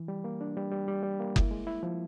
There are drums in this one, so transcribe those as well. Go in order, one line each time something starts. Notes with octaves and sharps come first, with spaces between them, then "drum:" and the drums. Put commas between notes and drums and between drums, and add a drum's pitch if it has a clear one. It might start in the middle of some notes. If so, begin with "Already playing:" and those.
Already playing: E3
G3
A#3
D4
G3
G3
G3
G3
A#3
E4, drum: kick F#1
G#3
E4
F3